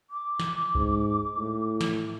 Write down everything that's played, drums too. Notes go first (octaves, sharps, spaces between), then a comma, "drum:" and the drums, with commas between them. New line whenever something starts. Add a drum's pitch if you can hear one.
D6
drum: snare
G#2, drum: kick C#2
A2
drum: snare